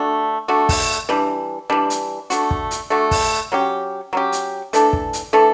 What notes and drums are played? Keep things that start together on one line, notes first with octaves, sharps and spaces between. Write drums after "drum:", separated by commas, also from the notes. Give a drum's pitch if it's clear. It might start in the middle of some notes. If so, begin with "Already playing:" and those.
Already playing: A3 D4 F#4
A3 D4 F#4
drum: kick, open hi-hat
E3 G3 D4
E3 G3 D4
drum: hi-hat
A3 D4 F#4, drum: hi-hat
drum: kick
drum: hi-hat
A3 D4 F#4
drum: kick, open hi-hat
F#3 C#4 G4
F#3 C#4 G4
drum: hi-hat
E3 A3 D4 A4, drum: hi-hat
drum: kick
drum: hi-hat
E3 A3 D4 A4